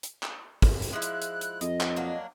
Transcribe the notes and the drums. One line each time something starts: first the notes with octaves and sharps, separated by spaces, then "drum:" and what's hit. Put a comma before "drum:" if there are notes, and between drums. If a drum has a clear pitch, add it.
drum: hi-hat
drum: clap
drum: kick, open hi-hat
drum: hi-hat
F3 G#3 E4 F#6
drum: hi-hat
drum: hi-hat
drum: hi-hat
F2 D#5, drum: hi-hat
drum: clap
F#3 A#3 D4